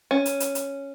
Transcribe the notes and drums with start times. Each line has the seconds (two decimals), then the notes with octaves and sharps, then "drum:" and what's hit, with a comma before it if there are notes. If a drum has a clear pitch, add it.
0.11 C#4
0.26 drum: hi-hat
0.40 drum: hi-hat
0.55 drum: hi-hat